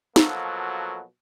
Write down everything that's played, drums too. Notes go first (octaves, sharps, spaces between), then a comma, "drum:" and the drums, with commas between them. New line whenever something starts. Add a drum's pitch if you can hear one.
B2 F3 F#3 A#3 A4, drum: snare